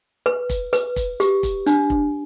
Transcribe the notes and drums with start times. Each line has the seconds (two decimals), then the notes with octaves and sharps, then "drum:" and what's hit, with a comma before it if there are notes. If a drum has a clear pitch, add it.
0.26 B4
0.49 drum: kick, hi-hat
0.73 B4, drum: hi-hat
0.96 drum: kick, hi-hat
1.20 G4, drum: hi-hat
1.43 drum: kick, hi-hat
1.66 D4, drum: hi-hat
1.90 drum: kick